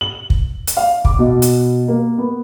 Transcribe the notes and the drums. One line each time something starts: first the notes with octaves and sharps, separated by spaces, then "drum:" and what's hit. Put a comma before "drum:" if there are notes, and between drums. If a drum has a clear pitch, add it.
F#7
drum: kick
drum: hi-hat
F5
D6, drum: kick
B2
drum: hi-hat
A#3
B3